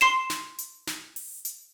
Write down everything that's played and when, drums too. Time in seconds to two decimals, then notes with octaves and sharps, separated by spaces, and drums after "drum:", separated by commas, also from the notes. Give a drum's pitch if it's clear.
0.01 C6 C7 E7
0.30 drum: snare
0.58 drum: hi-hat
0.87 drum: snare
1.16 drum: open hi-hat
1.45 drum: hi-hat